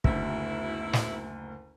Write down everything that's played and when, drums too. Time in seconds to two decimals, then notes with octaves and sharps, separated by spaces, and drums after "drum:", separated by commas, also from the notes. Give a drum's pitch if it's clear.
0.04 F#1 D2 G#2 B2 E4, drum: kick
0.93 drum: snare